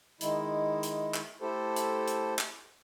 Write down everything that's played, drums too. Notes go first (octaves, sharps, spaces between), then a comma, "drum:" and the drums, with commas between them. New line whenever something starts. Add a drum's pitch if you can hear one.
D#3 G#3 E4, drum: hi-hat
drum: hi-hat
drum: clap
A3 E4 G4 A4 C5
drum: hi-hat
drum: hi-hat
drum: clap